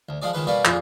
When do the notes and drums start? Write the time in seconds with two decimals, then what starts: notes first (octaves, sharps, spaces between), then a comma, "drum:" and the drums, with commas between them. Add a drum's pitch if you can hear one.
0.09 D2
0.22 F3 G#3 G#4 D5
0.33 C#2 D#3 G#3 B4
0.47 B2 G3 A#3 B4 D5
0.65 F2 A#2 F4 G#4, drum: clap